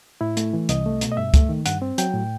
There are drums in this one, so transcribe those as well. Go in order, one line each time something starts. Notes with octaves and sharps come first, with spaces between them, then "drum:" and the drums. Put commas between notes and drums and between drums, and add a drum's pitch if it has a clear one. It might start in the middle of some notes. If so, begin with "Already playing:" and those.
A2 E4
A3, drum: hi-hat
E3
C2 D#5, drum: hi-hat
A3
B2, drum: hi-hat
D#5
G2 E5
A3, drum: kick, hi-hat
D#3
G2 F#5, drum: hi-hat
C4
F#3 G5, drum: hi-hat
A2